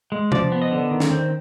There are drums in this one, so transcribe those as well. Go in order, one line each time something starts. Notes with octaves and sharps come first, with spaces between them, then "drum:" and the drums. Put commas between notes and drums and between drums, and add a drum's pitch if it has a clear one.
G#3
F3 D5, drum: tom C3
B3
D#5
D3
D#3
drum: snare
C4